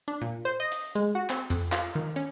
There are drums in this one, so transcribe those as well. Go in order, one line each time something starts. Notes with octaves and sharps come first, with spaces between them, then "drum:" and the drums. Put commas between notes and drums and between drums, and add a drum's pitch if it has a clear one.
D4
A#2
C5
D#5
drum: hi-hat
G#3
F#4
C4, drum: clap
F2, drum: hi-hat
F4, drum: clap
D#3
C#4